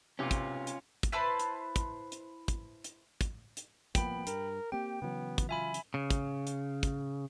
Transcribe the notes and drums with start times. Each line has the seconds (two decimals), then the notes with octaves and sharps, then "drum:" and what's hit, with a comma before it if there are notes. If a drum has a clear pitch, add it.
0.19 B1 C3 C#4 F4 D6
0.31 drum: kick, hi-hat
0.67 drum: hi-hat
1.03 drum: kick, hi-hat
1.12 E4 B4 C5 A5
1.40 drum: hi-hat
1.76 drum: kick, hi-hat
2.12 drum: hi-hat
2.48 drum: kick, hi-hat
2.84 drum: hi-hat
3.21 drum: kick, hi-hat
3.57 drum: hi-hat
3.95 C2 F3 A#3 B3 G5 B5, drum: kick, hi-hat
4.27 G2 A#4, drum: hi-hat
4.72 A#3 C4 G4 G5
5.02 C#3 E3 F#3 B3
5.38 drum: kick, hi-hat
5.49 F4 E5 G#5 B5
5.74 drum: hi-hat
5.94 C#3
6.10 drum: kick, hi-hat
6.47 drum: hi-hat
6.83 drum: kick, hi-hat